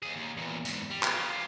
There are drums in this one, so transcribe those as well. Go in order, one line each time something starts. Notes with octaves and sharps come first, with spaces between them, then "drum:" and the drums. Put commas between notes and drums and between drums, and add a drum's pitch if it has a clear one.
D#2 G#4
D#2
E2 A#2
E2 G#2, drum: tambourine
G3
F4 G4, drum: clap